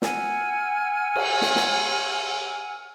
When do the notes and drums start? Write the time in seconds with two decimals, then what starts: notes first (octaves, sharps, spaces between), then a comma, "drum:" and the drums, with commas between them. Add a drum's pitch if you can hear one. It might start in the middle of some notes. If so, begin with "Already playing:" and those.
0.02 F#5 G#5 E6 F6, drum: snare
1.16 drum: cymbal
1.42 drum: snare
1.56 drum: snare